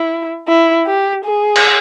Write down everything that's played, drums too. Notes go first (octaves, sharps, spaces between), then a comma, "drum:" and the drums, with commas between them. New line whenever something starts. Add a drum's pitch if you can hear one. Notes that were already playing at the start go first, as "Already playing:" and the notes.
Already playing: E4
E4
G4
G#4
drum: cymbal